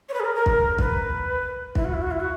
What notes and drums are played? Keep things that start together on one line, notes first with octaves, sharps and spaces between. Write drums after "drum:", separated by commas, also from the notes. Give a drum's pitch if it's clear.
C#5
B4
G#4
A#4
A#4
drum: kick
B4, drum: kick
E4, drum: kick
F#4
E4
F#4
E4
F#4